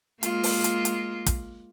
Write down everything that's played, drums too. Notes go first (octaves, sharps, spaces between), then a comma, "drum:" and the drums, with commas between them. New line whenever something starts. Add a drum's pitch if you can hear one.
G#3 A#3 F4, drum: hi-hat
drum: open hi-hat
drum: hi-hat
drum: hi-hat
drum: kick, hi-hat